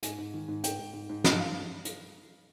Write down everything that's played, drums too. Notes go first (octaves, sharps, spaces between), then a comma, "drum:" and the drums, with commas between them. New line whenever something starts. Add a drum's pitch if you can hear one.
G#2 G#5, drum: hi-hat
G#2
D#3
G#2
G#2 G5, drum: hi-hat
G#2
G#2
G#2
G2 D#5, drum: snare
G2 F5
drum: hi-hat